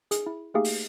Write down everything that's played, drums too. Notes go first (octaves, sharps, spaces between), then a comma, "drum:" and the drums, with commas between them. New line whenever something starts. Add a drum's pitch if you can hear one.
G#4, drum: hi-hat
E4
A3 A#3 D#4 G4 G#4 F5
drum: open hi-hat